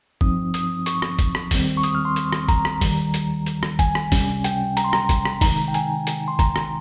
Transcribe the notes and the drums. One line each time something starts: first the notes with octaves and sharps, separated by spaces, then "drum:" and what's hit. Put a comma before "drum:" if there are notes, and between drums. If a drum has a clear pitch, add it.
G2 F3 C4 D#4 D#6, drum: kick
D#6, drum: hi-hat
C#6, drum: hi-hat
drum: rim click
drum: kick, hi-hat
drum: rim click
D#2 D#3 G3 C4, drum: kick, open hi-hat
C#6
D#6, drum: hi-hat
F6
C6
drum: hi-hat
drum: rim click
A#5, drum: kick, hi-hat
drum: rim click
D#2 D#3 G3, drum: kick, open hi-hat
drum: hi-hat
drum: hi-hat
drum: rim click
G#5, drum: kick, hi-hat
drum: rim click
C#2 C3 G3 C#4, drum: kick, open hi-hat
G5, drum: hi-hat
A#5, drum: hi-hat
C6
A#5, drum: rim click
drum: kick, hi-hat
drum: rim click
C3 D#3 G#3 D#4 A#5, drum: kick, open hi-hat
G5
G#5, drum: hi-hat
drum: hi-hat
C6
A#5, drum: kick, hi-hat
drum: rim click